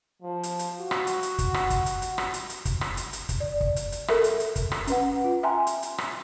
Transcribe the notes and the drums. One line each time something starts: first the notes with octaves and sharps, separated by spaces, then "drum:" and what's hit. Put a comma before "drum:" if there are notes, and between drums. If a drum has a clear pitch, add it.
F3
drum: hi-hat
drum: hi-hat
F#4
drum: rim click
drum: hi-hat
drum: hi-hat
drum: kick, hi-hat
drum: rim click
drum: kick, hi-hat
drum: hi-hat
drum: hi-hat
drum: rim click
drum: hi-hat
drum: hi-hat
drum: kick, hi-hat
drum: rim click
drum: hi-hat
drum: hi-hat
drum: kick, hi-hat
D5
drum: kick
drum: hi-hat
drum: hi-hat
A4 A#4 E5, drum: rim click
drum: hi-hat
drum: hi-hat
drum: kick, hi-hat
drum: rim click
C#4 B4 F#5, drum: hi-hat
F4
E5 G5 G#5 A#5 C6
drum: hi-hat
drum: hi-hat
drum: rim click